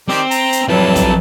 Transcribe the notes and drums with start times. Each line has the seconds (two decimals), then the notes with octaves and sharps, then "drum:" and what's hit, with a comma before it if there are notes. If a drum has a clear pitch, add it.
0.09 D#3 C4 G4 D5
0.31 A#5, drum: hi-hat
0.52 drum: hi-hat
0.68 F2 E3 F#3 G3 A5
0.96 drum: kick, hi-hat